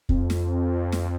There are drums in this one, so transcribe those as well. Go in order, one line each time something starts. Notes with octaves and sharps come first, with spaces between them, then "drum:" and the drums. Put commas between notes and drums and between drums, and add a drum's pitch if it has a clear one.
F2, drum: kick
drum: snare
drum: snare